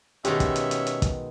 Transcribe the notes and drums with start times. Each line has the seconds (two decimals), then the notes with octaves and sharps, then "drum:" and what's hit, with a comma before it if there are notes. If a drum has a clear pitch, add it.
0.25 B2 D#3 G#3 C#4 G4 E5, drum: hi-hat
0.40 drum: kick, hi-hat
0.56 drum: hi-hat
0.71 drum: hi-hat
0.87 drum: hi-hat
1.02 drum: kick, hi-hat